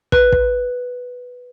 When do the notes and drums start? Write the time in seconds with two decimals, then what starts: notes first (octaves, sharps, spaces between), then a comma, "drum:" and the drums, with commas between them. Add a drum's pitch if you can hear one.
0.12 B4, drum: kick
0.32 drum: kick